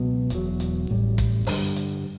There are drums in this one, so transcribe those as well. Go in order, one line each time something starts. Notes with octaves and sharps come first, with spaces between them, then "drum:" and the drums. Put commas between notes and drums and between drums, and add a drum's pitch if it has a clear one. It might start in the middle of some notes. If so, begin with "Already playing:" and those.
Already playing: C#2 B2 F#3 B3
E1 E2 B2 F#3, drum: hi-hat
drum: hi-hat
A1 A2 G3
drum: kick, hi-hat
G2 D3 G3, drum: open hi-hat
drum: hi-hat